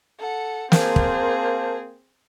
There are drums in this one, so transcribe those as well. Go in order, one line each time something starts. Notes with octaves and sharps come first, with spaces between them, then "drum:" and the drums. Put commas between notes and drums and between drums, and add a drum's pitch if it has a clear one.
A4 F#5
A#3 C4 G#4 A#4 C5 A5, drum: snare
drum: kick